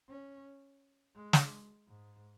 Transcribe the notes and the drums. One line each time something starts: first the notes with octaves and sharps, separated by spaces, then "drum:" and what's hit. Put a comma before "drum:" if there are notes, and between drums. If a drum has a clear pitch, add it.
C#4
G#3
drum: snare
G#2